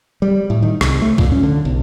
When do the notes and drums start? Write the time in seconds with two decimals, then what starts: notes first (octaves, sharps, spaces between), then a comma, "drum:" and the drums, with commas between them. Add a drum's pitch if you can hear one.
0.22 G3
0.50 A2
0.62 D#3
0.81 C2, drum: rim click
1.02 A3
1.18 A#2, drum: kick C2
1.32 C#4
1.43 D3
1.65 B1